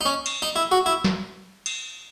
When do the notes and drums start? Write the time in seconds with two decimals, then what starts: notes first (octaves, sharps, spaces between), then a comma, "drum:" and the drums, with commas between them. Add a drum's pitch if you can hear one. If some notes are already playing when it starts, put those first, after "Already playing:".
0.01 D#4
0.06 C#4
0.26 drum: cymbal
0.42 D#4
0.56 E4
0.71 F#4
0.86 E4
1.04 drum: snare
1.66 drum: cymbal